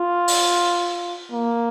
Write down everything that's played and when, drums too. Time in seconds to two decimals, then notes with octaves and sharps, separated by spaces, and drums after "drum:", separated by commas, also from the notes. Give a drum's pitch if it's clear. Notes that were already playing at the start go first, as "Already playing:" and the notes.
Already playing: F4
0.28 drum: open hi-hat
1.32 A#3